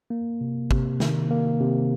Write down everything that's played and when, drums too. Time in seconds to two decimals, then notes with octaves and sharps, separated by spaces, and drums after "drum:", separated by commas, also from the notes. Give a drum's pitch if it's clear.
0.10 A#3
0.41 C3
0.71 C3, drum: kick
1.00 D#3, drum: snare
1.31 A#3
1.60 C3